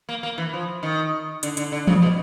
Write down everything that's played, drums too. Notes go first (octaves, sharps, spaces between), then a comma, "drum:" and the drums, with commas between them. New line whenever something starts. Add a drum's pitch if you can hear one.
A#3
A#3
E3
F3
D#3
D3, drum: hi-hat
D3, drum: hi-hat
D3
C#3, drum: tom E3
B2